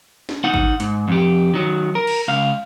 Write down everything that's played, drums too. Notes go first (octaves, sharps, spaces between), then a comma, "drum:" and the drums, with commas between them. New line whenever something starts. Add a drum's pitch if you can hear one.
drum: snare
D#4 F#5
drum: kick G#1
G#2, drum: hi-hat
F2 G4
D#3 F#3
A#4
drum: cymbal
C#2 F5